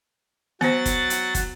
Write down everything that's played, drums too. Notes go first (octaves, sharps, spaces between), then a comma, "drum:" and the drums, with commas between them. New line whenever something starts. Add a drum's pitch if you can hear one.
F#3 B3 C5 F#5 A6, drum: snare
drum: kick, hi-hat
drum: hi-hat
drum: kick, hi-hat